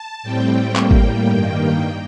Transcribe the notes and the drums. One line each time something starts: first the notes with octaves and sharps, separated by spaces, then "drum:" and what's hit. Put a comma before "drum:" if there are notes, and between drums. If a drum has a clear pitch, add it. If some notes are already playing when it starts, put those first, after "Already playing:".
Already playing: A5
A2 G3 C4 G5
A2 G3 A#3 G5, drum: clap
drum: kick G#1
G2 D#3 A#3